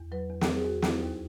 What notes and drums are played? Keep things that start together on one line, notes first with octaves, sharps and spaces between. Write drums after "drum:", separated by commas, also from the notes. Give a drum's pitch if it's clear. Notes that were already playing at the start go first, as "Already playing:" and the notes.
Already playing: E2
F#3 B4
E2
A#4, drum: snare
F#3
G#4
E2 F#4
F#3 E4, drum: snare
D#2 D#4